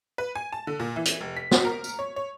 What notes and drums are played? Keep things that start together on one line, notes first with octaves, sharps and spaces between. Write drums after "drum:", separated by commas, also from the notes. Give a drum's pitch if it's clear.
B4
G#5
A5
D3
A#2
E3
drum: hi-hat
F1
B6
F#4, drum: snare
A#4
drum: tambourine
C#5
C#5